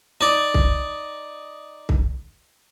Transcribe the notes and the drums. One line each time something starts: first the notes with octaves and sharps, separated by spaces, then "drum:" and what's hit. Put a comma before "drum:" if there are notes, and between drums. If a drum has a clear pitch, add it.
D#4 D5
drum: kick C2
drum: kick C2